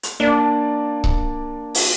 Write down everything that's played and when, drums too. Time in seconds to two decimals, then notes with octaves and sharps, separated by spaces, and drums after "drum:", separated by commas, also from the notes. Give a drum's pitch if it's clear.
0.03 drum: hi-hat
0.20 A#3 D4 D5
1.04 drum: kick C#1
1.75 drum: open hi-hat